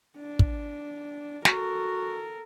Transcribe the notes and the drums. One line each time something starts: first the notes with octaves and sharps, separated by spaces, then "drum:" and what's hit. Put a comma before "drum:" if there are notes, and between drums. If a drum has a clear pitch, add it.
D4
drum: kick
F#4 A4 A#4, drum: snare